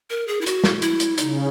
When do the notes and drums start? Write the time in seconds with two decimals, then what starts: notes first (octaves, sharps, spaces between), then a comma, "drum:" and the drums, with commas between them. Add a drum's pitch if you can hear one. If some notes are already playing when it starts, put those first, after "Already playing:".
0.10 A#4
0.28 G#4
0.41 E4
0.46 F#4, drum: hi-hat
0.64 drum: snare
0.82 E4, drum: hi-hat
1.00 drum: hi-hat
1.18 C#3 D#4, drum: hi-hat